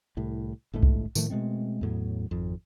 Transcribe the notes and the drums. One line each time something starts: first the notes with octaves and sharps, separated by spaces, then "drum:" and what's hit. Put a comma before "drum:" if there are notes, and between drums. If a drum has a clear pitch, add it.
C2 A2
G1 A2 G#3 A3
drum: kick C2
A2 D#3 F3 A3, drum: tambourine
B2 G#3 A3 C4
E2 A2 F#3
G#1 F2